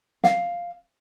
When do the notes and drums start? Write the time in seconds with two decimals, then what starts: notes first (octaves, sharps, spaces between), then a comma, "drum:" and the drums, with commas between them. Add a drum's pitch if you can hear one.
0.24 F5, drum: snare